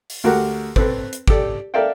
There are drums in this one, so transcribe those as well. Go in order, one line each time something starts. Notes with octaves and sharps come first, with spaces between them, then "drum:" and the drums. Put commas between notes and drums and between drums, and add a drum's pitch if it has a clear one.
drum: open hi-hat
D2 F#4 G4 A#4 F#5
C4 A4 B4, drum: kick
drum: hi-hat
G4 A4 D5, drum: kick
A4 A#4 D5 E5 F5 G5